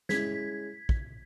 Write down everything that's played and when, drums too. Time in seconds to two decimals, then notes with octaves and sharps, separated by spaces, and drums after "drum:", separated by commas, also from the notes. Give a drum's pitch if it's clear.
0.09 G#3 C#4 E4 G#6 B6, drum: snare
0.89 drum: kick